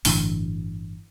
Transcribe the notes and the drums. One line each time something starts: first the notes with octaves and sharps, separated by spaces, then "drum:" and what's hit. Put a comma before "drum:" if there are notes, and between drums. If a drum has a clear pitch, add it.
G1 A2 D3 E3, drum: open hi-hat